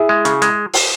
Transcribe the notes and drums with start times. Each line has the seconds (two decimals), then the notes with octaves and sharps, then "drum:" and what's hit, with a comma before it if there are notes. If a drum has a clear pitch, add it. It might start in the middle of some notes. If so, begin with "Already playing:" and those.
Already playing: E4 G#4
0.09 G#3
0.25 C#3, drum: hi-hat
0.42 G#3, drum: hi-hat
0.74 drum: open hi-hat